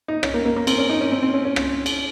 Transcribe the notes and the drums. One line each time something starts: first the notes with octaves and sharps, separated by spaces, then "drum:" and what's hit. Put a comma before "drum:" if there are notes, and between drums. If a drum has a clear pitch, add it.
D#4
C#4, drum: rim click
A#3
A#3
A#3
C4, drum: cymbal
C#4
D#4
C#4
C4
C4
C#4
C#4
drum: rim click
drum: cymbal